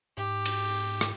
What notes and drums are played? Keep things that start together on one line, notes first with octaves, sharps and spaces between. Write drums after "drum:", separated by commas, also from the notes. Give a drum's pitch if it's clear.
G#2 G4
drum: cymbal
drum: rim click